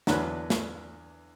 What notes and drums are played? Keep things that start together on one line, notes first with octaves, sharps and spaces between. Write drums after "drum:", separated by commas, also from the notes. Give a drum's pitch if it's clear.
E2 D3 F#3 D4 B4, drum: snare
drum: snare